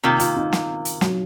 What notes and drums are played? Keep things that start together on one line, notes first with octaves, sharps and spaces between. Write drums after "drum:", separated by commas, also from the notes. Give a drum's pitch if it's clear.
C3 D#3 A#3 F4
F4, drum: hi-hat
D#4
drum: snare
drum: hi-hat
F#3, drum: snare